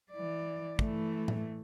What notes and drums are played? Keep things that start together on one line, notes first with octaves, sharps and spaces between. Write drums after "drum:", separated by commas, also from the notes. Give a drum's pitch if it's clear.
E3 D5
E3 A3, drum: kick
drum: tom A2